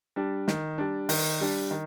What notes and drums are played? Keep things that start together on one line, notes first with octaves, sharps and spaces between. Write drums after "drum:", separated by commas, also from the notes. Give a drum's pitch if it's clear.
G3 D4
D#3, drum: snare
G3 D4
D#3, drum: open hi-hat
G3 D4
D#3